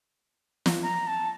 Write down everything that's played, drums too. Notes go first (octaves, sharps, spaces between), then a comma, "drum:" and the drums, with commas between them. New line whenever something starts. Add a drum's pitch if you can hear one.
drum: snare
A#5
A5